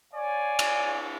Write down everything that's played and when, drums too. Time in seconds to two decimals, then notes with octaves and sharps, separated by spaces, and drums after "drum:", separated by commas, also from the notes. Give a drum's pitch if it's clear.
0.14 C#5 D5 F5 G#5
0.59 drum: cymbal